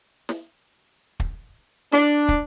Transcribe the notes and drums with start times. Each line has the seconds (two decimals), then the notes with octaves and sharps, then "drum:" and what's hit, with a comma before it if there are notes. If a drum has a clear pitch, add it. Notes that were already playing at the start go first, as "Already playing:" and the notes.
0.29 drum: snare
1.20 drum: kick
1.92 D4, drum: snare
2.29 drum: kick